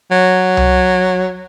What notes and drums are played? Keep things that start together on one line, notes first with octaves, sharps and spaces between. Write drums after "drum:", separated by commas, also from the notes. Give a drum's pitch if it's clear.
F#3
drum: tom C2